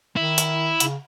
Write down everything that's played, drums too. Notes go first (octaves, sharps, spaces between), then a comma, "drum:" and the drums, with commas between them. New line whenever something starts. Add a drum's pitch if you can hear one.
D#3 E4
drum: hi-hat
C#3, drum: hi-hat